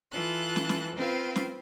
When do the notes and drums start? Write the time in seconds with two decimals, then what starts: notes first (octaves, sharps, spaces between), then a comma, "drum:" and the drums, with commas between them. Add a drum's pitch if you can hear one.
0.11 E3 F4 A4 F#6
0.56 drum: snare
0.69 drum: snare
0.96 C4 F4 B4 F5
1.36 drum: snare